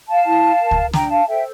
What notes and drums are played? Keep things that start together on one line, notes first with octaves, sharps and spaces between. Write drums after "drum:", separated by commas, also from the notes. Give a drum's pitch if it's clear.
F5 A5
E4
A#4
drum: kick C#2
D4 G5 A#5, drum: snare
F5 A5
A4 C5 E5 G5